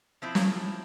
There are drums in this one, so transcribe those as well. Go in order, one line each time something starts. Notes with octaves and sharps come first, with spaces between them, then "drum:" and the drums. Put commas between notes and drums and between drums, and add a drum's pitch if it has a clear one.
F3 C4 E4
drum: snare